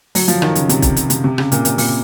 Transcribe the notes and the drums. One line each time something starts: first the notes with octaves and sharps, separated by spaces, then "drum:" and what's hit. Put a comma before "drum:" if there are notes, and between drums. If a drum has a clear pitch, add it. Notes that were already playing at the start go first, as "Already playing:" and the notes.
F#3, drum: open hi-hat
F3, drum: hi-hat
D#3, drum: rim click
C#3, drum: hi-hat
C3, drum: hi-hat
C3, drum: kick, hi-hat
drum: hi-hat
C3, drum: hi-hat
C3
C#3, drum: rim click
A#2, drum: hi-hat
A#2, drum: hi-hat
A#2, drum: open hi-hat